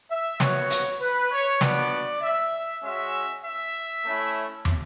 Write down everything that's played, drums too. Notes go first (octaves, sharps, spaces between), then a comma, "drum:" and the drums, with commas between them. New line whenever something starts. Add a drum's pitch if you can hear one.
E5
B3 F#4 C#5, drum: snare
drum: hi-hat
B4
C#5
B3 D4 F#4 D5, drum: snare
E5
G#3 C#4 F#4 E5
E5
A3 C#4 E4
drum: tom